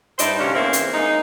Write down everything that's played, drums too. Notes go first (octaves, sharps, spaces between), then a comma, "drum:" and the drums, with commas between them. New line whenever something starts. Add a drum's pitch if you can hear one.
G2 D#4 C5 D5 E5, drum: hi-hat
D2 C3 C#4 D4 F5
E2 A#3 C4 C#4 E5
drum: hi-hat
G#3 A#3 D#4